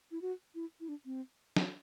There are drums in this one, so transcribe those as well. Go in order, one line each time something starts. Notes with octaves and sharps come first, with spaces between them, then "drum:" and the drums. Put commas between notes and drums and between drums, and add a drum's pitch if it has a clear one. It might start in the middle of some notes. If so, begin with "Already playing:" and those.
E4
F#4
E4
E4
D4
C4
C4, drum: snare